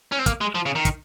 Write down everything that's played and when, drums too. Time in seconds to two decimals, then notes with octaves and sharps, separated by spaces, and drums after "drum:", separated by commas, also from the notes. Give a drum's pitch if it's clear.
0.12 C#4
0.19 C4
0.26 A#3, drum: kick, hi-hat
0.41 G#3
0.55 F3
0.66 C#3
0.75 D#3
0.85 drum: kick, hi-hat